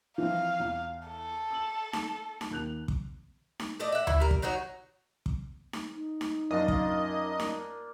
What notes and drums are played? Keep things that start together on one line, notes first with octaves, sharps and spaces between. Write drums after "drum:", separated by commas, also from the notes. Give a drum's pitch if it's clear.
E3 F3 C4 F5
E2
A4
E6 F#7
drum: snare D#4
drum: snare D#4
D#2 F#6 F7
drum: kick
drum: snare D#4
A3 D5 D#5
E5 F#5
E4, drum: tom D2
G3 A#4
drum: kick
F#3 D#4 F#4 C#5
drum: kick
drum: snare D#4
D#4
drum: snare D#4
F#2 A#3 D4 F4 D#5
drum: kick
drum: snare D#4